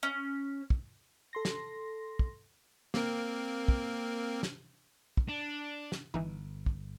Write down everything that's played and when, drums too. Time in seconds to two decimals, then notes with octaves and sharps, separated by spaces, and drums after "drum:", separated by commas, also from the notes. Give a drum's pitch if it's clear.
0.03 C#4
0.70 drum: kick
1.33 A4 C6 A#6
1.45 drum: snare
2.19 drum: kick
2.94 A#3 C4 A#4, drum: snare
3.68 drum: kick
4.43 drum: snare
5.17 drum: kick
5.29 D4
5.92 drum: snare
6.14 G1 E3 D#4
6.66 drum: kick